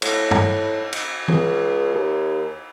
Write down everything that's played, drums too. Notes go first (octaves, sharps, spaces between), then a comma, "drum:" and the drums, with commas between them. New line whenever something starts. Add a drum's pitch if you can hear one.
A2, drum: cymbal
drum: tom
drum: cymbal
C#2, drum: tom E3
D#2